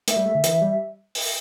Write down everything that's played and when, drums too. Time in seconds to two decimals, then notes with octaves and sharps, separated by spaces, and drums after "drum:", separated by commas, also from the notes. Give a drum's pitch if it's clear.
0.08 A3 E5, drum: hi-hat
0.17 G3
0.26 A3
0.35 D3
0.44 E3, drum: hi-hat
0.62 G3
1.15 drum: open hi-hat